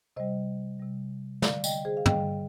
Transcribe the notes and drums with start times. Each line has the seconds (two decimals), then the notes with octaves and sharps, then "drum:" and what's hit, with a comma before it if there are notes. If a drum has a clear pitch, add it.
0.16 C3 G3 C5 D#5
0.79 C3 G3
1.42 D3 G3 D5 F5, drum: snare
1.64 D#5 G5, drum: tambourine
1.85 G#4 C5
1.97 F5
2.06 D3 G3 D#5 G5, drum: tom